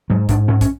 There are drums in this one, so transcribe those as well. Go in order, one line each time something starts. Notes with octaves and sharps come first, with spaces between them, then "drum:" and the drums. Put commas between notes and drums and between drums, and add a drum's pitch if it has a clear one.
G#2 F#3
G#2 D4, drum: kick, hi-hat
G#2 C#4
C#4, drum: kick, hi-hat